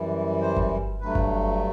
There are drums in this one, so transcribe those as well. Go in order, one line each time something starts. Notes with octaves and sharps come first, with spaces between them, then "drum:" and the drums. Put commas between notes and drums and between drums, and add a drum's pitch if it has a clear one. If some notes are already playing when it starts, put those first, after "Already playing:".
Already playing: F#2 E3 G3
C5
drum: kick G1
G2 F#3 A3 B4
drum: kick G1